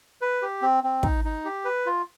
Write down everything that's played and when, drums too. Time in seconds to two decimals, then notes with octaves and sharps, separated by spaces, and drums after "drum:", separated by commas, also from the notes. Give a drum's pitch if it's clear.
0.21 B4
0.42 G4
0.62 C4
0.84 C4
1.03 D#4, drum: kick
1.24 D#4
1.45 G4
1.65 B4
1.86 F4